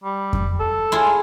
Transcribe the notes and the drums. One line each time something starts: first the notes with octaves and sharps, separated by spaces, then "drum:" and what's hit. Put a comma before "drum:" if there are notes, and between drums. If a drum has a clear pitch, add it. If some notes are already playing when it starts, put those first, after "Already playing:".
G3
drum: kick F2
A4
E4 F4 G#4